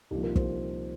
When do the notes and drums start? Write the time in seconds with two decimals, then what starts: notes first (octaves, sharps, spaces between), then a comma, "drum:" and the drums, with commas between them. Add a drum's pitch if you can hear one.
0.11 C2 A#2 F3 D#4 G4
0.23 F4 A#4
0.36 G4 C5, drum: kick